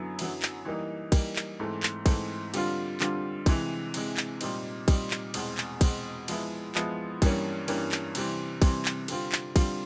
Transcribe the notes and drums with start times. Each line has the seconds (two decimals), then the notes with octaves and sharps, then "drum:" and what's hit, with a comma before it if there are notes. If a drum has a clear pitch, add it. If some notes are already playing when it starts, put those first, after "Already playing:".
Already playing: F#2 D3 F#3 B3 E4
0.19 F#2 D3 F#3 B3 E4, drum: cymbal
0.42 drum: clap
0.65 E3 G3 A#3 D#4
1.12 E3 G3 A#3 D#4, drum: kick, cymbal
1.36 drum: clap
1.60 G#2 E3 A3 C4
1.83 drum: clap
2.06 G#2 E3 A3 C4, drum: kick, cymbal
2.54 D3 G3 C4 F4, drum: cymbal
3.00 D3 G3 C4 F4, drum: clap
3.46 C3 E3 G#3, drum: kick, cymbal
3.94 C3 E3 G#3, drum: cymbal
4.17 drum: clap
4.41 A#2 G3 C4 D#4, drum: cymbal
4.88 A#2 G3 C4 D#4, drum: kick, cymbal
5.11 drum: clap
5.34 E2 B2 G#3 C4, drum: cymbal
5.57 drum: clap
5.81 E2 B2 G#3 C4, drum: kick, cymbal
6.28 F3 G#3 B3 E4, drum: cymbal
6.75 F3 G#3 B3 E4, drum: clap
7.22 G2 E3 G3 A#3 C#4, drum: kick, cymbal
7.68 G2 E3 G3 A#3 C#4, drum: cymbal
7.92 drum: clap
8.15 C3 E3 G3 C4, drum: cymbal
8.62 C3 E3 G3 C4, drum: kick, cymbal
8.85 drum: clap
9.08 D3 G3 C4 F4, drum: cymbal
9.32 drum: clap
9.56 D3 G3 C4 F4, drum: kick, cymbal